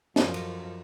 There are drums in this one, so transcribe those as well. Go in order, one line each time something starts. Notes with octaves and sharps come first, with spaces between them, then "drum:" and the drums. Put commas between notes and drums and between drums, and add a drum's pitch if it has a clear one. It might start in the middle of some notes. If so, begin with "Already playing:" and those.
F#2 F3, drum: snare
drum: cymbal